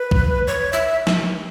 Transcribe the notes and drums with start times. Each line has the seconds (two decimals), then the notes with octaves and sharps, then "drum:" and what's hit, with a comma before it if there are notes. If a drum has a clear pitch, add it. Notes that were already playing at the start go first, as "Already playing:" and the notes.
Already playing: B4
0.11 drum: kick
0.47 C#5
0.73 E5
1.07 drum: snare